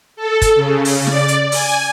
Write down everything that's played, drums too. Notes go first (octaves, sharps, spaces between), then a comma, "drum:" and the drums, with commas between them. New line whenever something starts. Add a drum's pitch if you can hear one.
A4
drum: kick, hi-hat
C#3
drum: open hi-hat
D5, drum: snare
drum: hi-hat
G#5, drum: open hi-hat